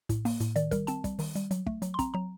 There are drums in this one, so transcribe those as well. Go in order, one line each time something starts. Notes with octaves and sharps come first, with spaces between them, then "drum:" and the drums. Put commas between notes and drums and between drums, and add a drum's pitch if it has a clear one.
A2, drum: kick, hi-hat
A#3, drum: open hi-hat
A2, drum: hi-hat
D#3 D5, drum: hi-hat
G3 A#4, drum: kick, hi-hat
C4 A5, drum: hi-hat
G3, drum: kick, hi-hat
D#3, drum: open hi-hat
G3, drum: hi-hat
F#3, drum: hi-hat
A3, drum: kick
F#3, drum: hi-hat
C6
C4 A#5, drum: kick, hi-hat
F#3 A#5